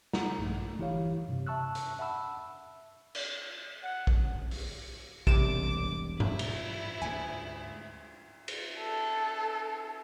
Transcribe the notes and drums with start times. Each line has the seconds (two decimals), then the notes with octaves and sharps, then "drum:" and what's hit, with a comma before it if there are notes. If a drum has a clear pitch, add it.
0.13 F#5 A#5, drum: snare
0.38 A#1 G2 A3
0.78 G1 E3 E4 G4 C#5 F5
1.28 G2 C3
1.47 E5 A5 C#6 E6 F#6
1.75 drum: hi-hat
1.99 E5 F#5 A5 B5 E6
3.15 drum: cymbal
3.83 F#5
4.07 drum: kick A#1
4.51 drum: open hi-hat
5.27 E1 G2 C3 D6 D7 E7, drum: kick A#1
6.20 E4, drum: tom G2
6.39 drum: cymbal
7.02 D2 G#2 G#5
8.48 drum: cymbal
8.79 A4